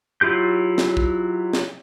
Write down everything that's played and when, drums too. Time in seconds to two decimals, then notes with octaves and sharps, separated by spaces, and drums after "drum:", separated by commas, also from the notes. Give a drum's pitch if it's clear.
0.21 F#3 E4 F4 G4 G6
0.78 drum: snare
0.97 drum: kick
1.53 drum: snare